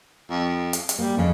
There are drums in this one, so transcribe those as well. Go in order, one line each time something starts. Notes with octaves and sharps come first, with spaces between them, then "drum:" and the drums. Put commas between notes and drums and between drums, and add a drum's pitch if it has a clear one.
F2
drum: hi-hat
drum: hi-hat
G3 A#3
F2 C#3 E3